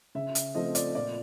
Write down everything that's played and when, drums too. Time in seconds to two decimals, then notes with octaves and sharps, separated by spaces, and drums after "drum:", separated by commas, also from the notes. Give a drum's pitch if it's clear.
0.15 C#3 E5
0.35 drum: hi-hat
0.55 F3 A3 C4 D#5
0.75 D5, drum: hi-hat
0.95 A#2 D5